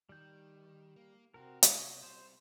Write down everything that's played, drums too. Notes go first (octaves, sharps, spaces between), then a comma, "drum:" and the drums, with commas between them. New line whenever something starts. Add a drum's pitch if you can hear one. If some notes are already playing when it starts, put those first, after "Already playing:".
D#3 G3 G6
A#3
C3 C4 F#4 A#4
C#5 D#5, drum: hi-hat
G3 C4 C5